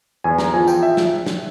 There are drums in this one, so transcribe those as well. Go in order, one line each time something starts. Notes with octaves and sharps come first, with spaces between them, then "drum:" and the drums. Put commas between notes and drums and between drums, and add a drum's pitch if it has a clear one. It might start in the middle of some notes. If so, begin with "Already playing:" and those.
E2 G#5
A#5, drum: snare
F3 G#5
G5, drum: tambourine
E5
drum: snare
drum: snare